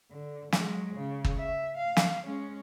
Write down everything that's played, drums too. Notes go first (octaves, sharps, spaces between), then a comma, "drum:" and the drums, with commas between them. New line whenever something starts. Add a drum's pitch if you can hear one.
D3
F#3 G#3, drum: snare
C#3
drum: kick
E5
F5
drum: snare
G#3 C#4